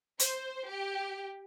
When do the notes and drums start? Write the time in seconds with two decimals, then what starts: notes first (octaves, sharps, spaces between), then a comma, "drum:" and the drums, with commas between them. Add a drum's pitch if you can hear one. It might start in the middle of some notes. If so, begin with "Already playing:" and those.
0.19 C5, drum: hi-hat
0.69 G4